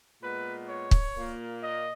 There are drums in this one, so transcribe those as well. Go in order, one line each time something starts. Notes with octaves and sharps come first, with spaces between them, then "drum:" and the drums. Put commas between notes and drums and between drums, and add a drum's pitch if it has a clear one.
A#2 G#3 B3 B4
C#5
drum: kick
A#2 A#3
D#5